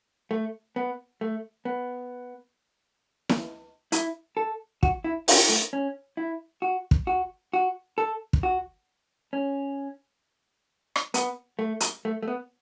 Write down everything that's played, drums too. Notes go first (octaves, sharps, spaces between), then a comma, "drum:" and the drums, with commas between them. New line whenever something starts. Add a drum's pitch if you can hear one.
A3
B3
A3
B3
drum: snare E4
E4, drum: hi-hat
A4
F#4, drum: kick
E4
C#4, drum: open hi-hat
A3
C#4
E4
F#4
drum: kick
F#4
F#4
A4
drum: kick
F#4
C#4
drum: rim click
B3, drum: hi-hat
A3
drum: hi-hat
A3
A3
B3